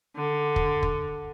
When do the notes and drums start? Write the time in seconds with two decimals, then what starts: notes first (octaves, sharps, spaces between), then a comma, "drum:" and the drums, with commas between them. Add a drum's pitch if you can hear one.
0.16 D3
0.56 drum: kick
0.83 drum: kick